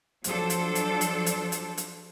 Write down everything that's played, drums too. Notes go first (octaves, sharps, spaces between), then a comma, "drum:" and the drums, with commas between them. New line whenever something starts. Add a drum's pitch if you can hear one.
F3 F#3 D4 A4 C5, drum: hi-hat
drum: hi-hat
drum: hi-hat
drum: hi-hat
drum: hi-hat
drum: hi-hat
drum: hi-hat